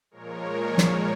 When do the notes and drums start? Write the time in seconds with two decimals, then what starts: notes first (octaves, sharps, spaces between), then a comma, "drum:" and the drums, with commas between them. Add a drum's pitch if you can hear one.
0.11 A#2 F3 G#3 A#4 C#5
0.78 A#4 C#5, drum: snare